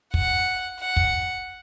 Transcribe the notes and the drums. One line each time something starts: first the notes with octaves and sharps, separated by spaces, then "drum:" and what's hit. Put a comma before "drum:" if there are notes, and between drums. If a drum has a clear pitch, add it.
F#5, drum: kick
F#5
drum: kick